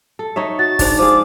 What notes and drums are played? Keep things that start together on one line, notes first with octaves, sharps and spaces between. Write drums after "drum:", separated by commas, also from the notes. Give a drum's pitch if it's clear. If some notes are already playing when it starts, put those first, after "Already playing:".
A4
D#4 C#5 E5
F#4 A6
G#2 D4, drum: kick, open hi-hat
F3 G#4 D6